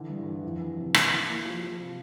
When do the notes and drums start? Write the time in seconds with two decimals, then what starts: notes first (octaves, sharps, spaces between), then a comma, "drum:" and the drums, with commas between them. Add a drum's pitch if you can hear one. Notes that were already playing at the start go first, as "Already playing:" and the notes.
Already playing: D3 E3
0.09 G2
0.26 E3
0.43 F2
0.61 E3
0.77 C3
0.94 E3, drum: rim click
1.11 E3
1.28 A#3
1.46 F3
1.62 F3
1.79 C3